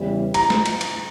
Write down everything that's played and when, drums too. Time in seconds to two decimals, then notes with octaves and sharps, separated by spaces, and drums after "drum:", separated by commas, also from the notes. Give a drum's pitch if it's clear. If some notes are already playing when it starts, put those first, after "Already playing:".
Already playing: E2 C#3 E3 G3
0.34 A#5, drum: cymbal
0.50 drum: snare
0.66 drum: cymbal
0.81 drum: cymbal